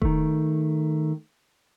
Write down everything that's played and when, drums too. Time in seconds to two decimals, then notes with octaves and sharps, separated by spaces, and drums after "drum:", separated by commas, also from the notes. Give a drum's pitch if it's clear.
0.02 D#3 A3, drum: kick E1